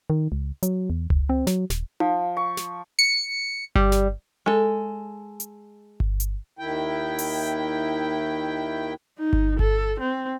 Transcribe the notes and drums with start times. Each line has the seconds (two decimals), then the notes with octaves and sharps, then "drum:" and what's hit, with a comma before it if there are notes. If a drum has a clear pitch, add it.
0.10 D#3
0.32 C#2
0.63 F#3, drum: hi-hat
0.90 E2
1.10 F1, drum: tom C#2
1.29 C4
1.47 F#3, drum: snare
1.70 D#1, drum: snare
2.00 F3, drum: tom D#4
2.37 C#6
2.57 drum: snare
2.99 C#7
3.75 G3, drum: kick G1
3.92 drum: snare
4.46 G#3 A4
5.40 drum: hi-hat
6.00 drum: kick G1
6.20 drum: hi-hat
6.59 D#2 D#3 E4 G5
7.19 drum: open hi-hat
9.19 D#4
9.33 drum: kick G1
9.59 A4, drum: kick G1
10.00 C4